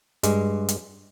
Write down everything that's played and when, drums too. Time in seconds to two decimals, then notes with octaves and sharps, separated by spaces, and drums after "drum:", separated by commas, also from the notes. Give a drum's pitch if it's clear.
0.23 G2 G#3, drum: hi-hat
0.69 drum: hi-hat